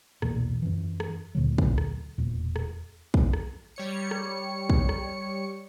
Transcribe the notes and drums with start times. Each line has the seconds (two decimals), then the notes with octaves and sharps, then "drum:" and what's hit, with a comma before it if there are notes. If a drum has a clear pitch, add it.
0.22 B1 E2 A#2, drum: rim click
0.62 F#2 E3
1.00 drum: rim click
1.35 D2 A#2 D3 F#3
1.58 drum: kick
1.78 drum: rim click
2.18 E1 E2 A#2
2.56 drum: rim click
3.14 drum: kick
3.33 drum: rim click
3.76 G3 C#5 C#7
4.11 drum: rim click
4.70 drum: kick
4.89 drum: rim click